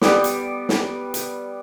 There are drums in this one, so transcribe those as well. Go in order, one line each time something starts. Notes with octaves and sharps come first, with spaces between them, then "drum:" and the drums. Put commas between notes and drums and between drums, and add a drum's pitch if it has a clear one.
G3 B3 D6, drum: snare
drum: hi-hat
drum: snare
drum: hi-hat